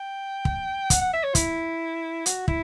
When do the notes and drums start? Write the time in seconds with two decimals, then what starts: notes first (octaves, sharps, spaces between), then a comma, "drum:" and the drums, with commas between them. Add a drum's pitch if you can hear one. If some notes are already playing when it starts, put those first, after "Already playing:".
Already playing: G5
0.45 drum: kick
0.90 F#5, drum: kick, hi-hat
1.01 F#5
1.13 E5
1.23 C#5
1.35 E4, drum: kick, hi-hat
2.26 F#4, drum: hi-hat
2.48 E4, drum: kick